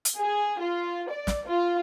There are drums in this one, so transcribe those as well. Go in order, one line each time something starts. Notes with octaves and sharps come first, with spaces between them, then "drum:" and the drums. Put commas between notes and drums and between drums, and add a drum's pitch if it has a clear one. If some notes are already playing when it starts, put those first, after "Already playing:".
drum: hi-hat
G#4
F4
D5
drum: snare
F4